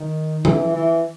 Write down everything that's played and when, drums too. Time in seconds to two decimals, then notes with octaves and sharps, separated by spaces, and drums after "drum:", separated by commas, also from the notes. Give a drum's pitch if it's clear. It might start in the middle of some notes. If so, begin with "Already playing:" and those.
Already playing: D#3
0.45 E3, drum: tom
0.75 E3